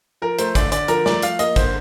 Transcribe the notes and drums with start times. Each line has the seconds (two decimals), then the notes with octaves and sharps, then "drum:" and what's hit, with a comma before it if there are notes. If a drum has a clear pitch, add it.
0.22 F3 A#4
0.39 A3 C5, drum: hi-hat
0.55 D3 D5, drum: kick, hi-hat
0.72 D3 D5, drum: hi-hat
0.88 F3 A#4, drum: hi-hat
1.06 A3 D5, drum: snare
1.22 F3 F5, drum: hi-hat
1.39 A#3 D#5, drum: hi-hat
1.56 D3 C5, drum: kick, hi-hat